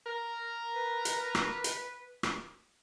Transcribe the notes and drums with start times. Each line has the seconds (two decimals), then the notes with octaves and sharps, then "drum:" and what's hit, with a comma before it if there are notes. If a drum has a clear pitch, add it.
0.06 A#4
0.76 B4
1.05 drum: hi-hat
1.35 drum: rim click
1.64 drum: hi-hat
2.23 drum: rim click